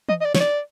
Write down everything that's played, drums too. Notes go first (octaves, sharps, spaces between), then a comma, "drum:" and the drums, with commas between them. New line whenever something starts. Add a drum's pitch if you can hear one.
D#5, drum: tom E3
D#5
D5
C#5, drum: snare
D5